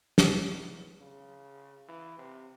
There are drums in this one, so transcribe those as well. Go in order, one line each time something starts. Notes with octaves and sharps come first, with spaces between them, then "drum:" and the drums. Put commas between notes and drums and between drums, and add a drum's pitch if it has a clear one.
E2, drum: snare
C#3
E3
C3